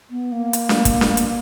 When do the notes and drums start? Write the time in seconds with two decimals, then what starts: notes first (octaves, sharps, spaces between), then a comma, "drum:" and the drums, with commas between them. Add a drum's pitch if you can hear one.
0.10 B3
0.32 A#3
0.53 drum: hi-hat
0.69 drum: snare D4
0.85 drum: kick, hi-hat
1.01 drum: snare D4
1.17 drum: hi-hat